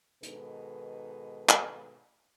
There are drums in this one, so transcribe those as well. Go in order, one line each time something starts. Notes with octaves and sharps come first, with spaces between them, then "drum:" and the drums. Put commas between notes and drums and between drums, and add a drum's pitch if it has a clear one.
G#2 B2 D#3 A4 B4, drum: hi-hat
drum: clap